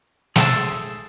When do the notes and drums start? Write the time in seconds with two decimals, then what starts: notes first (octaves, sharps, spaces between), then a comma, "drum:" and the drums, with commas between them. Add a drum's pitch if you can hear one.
0.36 G#4 A4 C5 E5, drum: snare